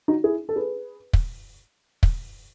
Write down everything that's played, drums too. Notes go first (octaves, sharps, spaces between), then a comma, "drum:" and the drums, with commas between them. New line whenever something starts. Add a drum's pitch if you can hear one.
D#4 F#4
E4 G#4
A4
G#4 B4
drum: kick
drum: kick